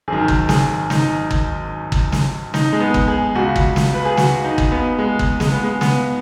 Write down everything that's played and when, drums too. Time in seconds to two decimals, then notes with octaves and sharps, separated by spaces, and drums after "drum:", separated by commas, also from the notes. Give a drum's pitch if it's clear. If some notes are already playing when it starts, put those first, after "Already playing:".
0.08 G#1 F#2 D#3 G#4
0.28 drum: kick G1
0.49 G#4, drum: snare
0.90 D#4, drum: snare
1.31 drum: kick G1
1.92 drum: kick G1
2.12 drum: snare
2.54 D#4, drum: snare
2.73 G#3
2.80 B3
2.94 drum: kick G1
3.08 G#4
3.35 C#2 C#3 F#4
3.56 drum: kick G1
3.76 drum: snare
3.94 B4
4.05 G#4
4.17 F#4, drum: snare
4.44 D#4
4.58 drum: kick G1
4.72 B3
4.98 G#3
5.19 drum: kick G1
5.40 G#3, drum: snare
5.52 B3
5.64 G#3
5.81 B3, drum: snare